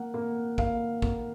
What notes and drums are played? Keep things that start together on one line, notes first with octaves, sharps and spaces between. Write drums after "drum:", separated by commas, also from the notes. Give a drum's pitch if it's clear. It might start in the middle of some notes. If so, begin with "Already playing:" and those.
Already playing: A#3 F#5
A#3
A#3 F5, drum: kick
A#3, drum: kick